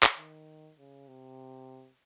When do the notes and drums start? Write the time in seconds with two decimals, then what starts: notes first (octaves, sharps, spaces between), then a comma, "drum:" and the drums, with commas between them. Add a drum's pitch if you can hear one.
0.03 drum: clap
0.18 D#3
0.78 C#3
1.08 C3